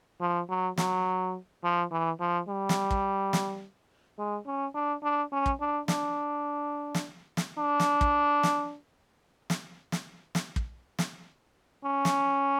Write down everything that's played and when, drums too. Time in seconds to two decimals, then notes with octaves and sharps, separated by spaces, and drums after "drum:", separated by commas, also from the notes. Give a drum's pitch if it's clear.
0.21 F3
0.49 F#3
0.78 F#3, drum: snare
1.64 F3
1.91 E3
2.20 F3
2.48 G3
2.69 drum: snare
2.91 drum: kick
3.33 drum: snare
4.18 G#3
4.47 C#4
4.75 D4
5.03 D4
5.32 C#4
5.46 drum: kick
5.60 D4
5.88 D4, drum: snare
6.95 drum: snare
7.37 drum: snare
7.58 D4
7.80 drum: snare
8.01 drum: kick
8.43 drum: snare
9.50 drum: snare
9.92 drum: snare
10.35 drum: snare
10.56 drum: kick
10.99 drum: snare
11.84 C#4
12.05 drum: snare